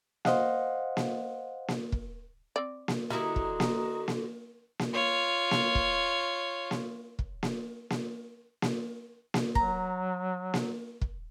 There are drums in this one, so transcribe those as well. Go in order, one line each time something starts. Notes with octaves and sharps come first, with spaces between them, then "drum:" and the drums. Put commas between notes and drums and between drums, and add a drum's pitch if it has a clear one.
C5 D#5 F5 F#5, drum: snare A#3
drum: snare A#3
drum: snare A#3
drum: kick
C4 D5
drum: snare A#3
D3 G3 A#3 E4 F#4 D#5 A#5 D#6
drum: kick
drum: snare A#3
drum: snare A#3
drum: snare A#3
F4 C#5
drum: snare A#3
drum: kick
drum: snare A#3
drum: kick
drum: snare A#3
drum: snare A#3
drum: snare A#3
drum: snare A#3
F#3 A#5, drum: kick
drum: snare A#3
drum: kick